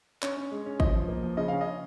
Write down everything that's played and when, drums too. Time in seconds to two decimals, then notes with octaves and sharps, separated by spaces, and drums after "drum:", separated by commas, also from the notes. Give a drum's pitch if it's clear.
0.22 C#4 C#5, drum: clap
0.37 C#4
0.51 G#3
0.66 C#4
0.80 F3 D#5, drum: kick
0.94 F3
1.08 A#3
1.23 F3
1.37 C#3 D#5
1.48 C#4 F5
1.61 D#5
1.66 C#4